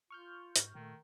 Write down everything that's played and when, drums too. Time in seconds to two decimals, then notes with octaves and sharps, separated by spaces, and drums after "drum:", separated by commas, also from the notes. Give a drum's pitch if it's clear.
0.10 F4 C#6 F6 G6
0.56 G#2, drum: hi-hat
0.75 A#2 D#3 A3